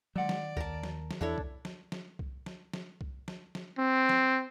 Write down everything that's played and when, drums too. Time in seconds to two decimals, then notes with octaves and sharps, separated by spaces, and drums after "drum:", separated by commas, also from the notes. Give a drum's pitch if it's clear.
0.16 D#3 F#3 G#3 D5 F#5
0.29 drum: snare
0.57 D#2 A#4 A5, drum: kick C2
0.83 drum: snare
1.11 drum: snare
1.21 E2 D4 E4 A4 C#5
1.38 drum: kick C2
1.65 drum: snare
1.92 drum: snare
2.19 drum: kick C2
2.46 drum: snare
2.74 drum: snare
3.01 drum: kick C2
3.28 drum: snare
3.55 drum: snare
3.78 C4
4.09 drum: snare